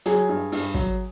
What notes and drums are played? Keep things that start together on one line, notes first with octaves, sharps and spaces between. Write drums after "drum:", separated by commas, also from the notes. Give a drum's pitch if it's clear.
F#3 G#4, drum: hi-hat
G2
G2, drum: open hi-hat
F#3, drum: kick